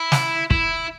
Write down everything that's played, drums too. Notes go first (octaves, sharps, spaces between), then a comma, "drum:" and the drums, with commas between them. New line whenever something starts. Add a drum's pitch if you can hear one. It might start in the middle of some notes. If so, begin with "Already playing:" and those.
Already playing: E4
drum: snare
E4, drum: kick